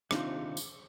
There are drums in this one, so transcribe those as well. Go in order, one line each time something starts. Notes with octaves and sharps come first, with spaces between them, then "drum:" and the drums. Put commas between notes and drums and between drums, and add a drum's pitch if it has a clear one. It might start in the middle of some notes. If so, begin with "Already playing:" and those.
D#2 C3 C4 D4 D#4 F4, drum: rim click
drum: tambourine